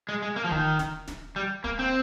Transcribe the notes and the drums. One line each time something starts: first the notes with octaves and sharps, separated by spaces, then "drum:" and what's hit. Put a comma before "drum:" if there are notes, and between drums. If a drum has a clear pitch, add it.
G#3
G#3
A#3
F3
D#3, drum: kick
drum: snare
drum: snare
G3
A#3, drum: kick
C4